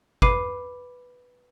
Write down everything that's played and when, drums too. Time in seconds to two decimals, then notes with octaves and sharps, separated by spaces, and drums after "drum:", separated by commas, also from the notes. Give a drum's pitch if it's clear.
0.22 B4 B5 D6 C7 D#7, drum: kick